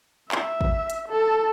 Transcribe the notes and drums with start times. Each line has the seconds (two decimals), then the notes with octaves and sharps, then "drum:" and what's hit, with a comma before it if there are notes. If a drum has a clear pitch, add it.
0.32 E5, drum: clap
0.61 drum: kick
0.90 drum: hi-hat
1.09 A4